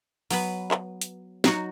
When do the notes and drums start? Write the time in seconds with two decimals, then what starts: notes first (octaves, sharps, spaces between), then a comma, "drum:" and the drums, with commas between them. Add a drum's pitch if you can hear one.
0.30 F#3 B3 B4, drum: open hi-hat
0.71 drum: clap
1.01 drum: hi-hat
1.44 F#3 D#4 F#4, drum: snare